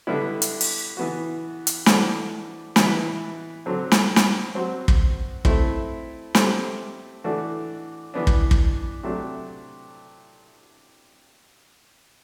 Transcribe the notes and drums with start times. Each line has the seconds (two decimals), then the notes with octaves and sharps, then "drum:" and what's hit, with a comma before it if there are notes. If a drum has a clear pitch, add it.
0.07 D3 G3 B3 E4
0.42 drum: hi-hat
0.61 drum: open hi-hat
0.97 E3 B3 F#4
1.67 drum: hi-hat
1.86 E3 A3 D4 F#4 C5, drum: snare
2.76 E3 B3 E4, drum: snare
3.66 D3 F#3 C4
3.92 drum: snare
4.16 drum: snare
4.55 F#3 C4 F#4 C5
4.88 drum: kick
5.45 A3 C4 E4, drum: kick
6.35 A3 C4 G4 C5, drum: snare
7.24 E3 A3 D4 F#4 A4
8.14 E3 B3 D4
8.27 drum: kick
8.51 drum: kick
9.04 C3 F#3 A3 D4